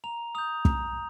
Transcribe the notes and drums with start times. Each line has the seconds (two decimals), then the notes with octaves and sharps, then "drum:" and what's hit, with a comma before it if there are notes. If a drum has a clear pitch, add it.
0.04 A#5 F7
0.35 D#6 G6 F7
0.65 A#5, drum: kick